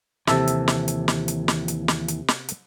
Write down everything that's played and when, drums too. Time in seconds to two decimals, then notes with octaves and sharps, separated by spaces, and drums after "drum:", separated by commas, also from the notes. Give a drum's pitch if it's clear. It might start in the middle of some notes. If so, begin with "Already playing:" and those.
0.27 D#2 C3 E3 A4 E5, drum: snare
0.47 drum: hi-hat
0.68 drum: snare
0.88 drum: hi-hat
1.08 drum: snare
1.28 drum: hi-hat
1.48 drum: snare
1.68 drum: hi-hat
1.88 drum: snare
2.08 drum: hi-hat
2.28 drum: snare
2.49 drum: hi-hat